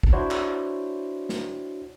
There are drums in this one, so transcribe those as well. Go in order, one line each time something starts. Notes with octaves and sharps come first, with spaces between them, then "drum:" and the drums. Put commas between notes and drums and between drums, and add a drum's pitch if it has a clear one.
drum: kick
D4 E4 F#4 C5 C#5
drum: clap
drum: snare